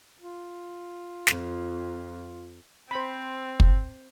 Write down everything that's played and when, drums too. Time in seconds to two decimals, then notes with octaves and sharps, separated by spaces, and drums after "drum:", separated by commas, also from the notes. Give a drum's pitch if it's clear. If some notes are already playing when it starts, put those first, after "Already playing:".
0.20 F4
1.27 F2, drum: snare
2.91 C4 C5 B5
3.60 drum: kick